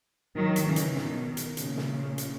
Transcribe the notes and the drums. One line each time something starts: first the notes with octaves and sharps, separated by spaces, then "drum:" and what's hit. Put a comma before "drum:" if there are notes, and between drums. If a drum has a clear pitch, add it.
D#3 F#3
drum: hi-hat
C#3 E3
drum: hi-hat
B2 D#3, drum: snare
drum: hi-hat
A#2 C#3, drum: hi-hat
drum: snare
drum: hi-hat